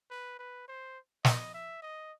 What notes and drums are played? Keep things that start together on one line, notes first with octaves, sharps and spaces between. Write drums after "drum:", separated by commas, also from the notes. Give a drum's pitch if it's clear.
B4
B4
C5
D#5, drum: snare
E5
D#5